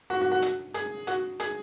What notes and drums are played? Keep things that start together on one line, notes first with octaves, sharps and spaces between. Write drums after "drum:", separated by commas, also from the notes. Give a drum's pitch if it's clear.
F#4
F#4
F#4
drum: hi-hat
G#4, drum: hi-hat
F#4, drum: hi-hat
G#4, drum: hi-hat